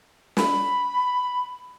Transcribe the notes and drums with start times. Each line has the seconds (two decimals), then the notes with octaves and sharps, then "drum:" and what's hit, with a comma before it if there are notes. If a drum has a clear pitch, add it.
0.37 B5, drum: snare